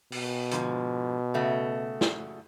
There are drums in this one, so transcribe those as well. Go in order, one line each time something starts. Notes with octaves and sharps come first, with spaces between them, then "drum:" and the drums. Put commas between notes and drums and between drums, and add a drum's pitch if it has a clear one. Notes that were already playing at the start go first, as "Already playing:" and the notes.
B2, drum: open hi-hat
G#2 D3 F3, drum: hi-hat
C#3 A3 F#4
drum: snare